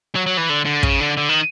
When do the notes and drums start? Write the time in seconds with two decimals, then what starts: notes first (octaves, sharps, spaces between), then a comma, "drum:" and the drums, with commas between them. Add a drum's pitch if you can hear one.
0.15 F#3
0.27 F#3
0.37 E3
0.50 D3
0.65 D3
0.83 C#3, drum: kick
1.00 D3
1.17 D3
1.29 D#3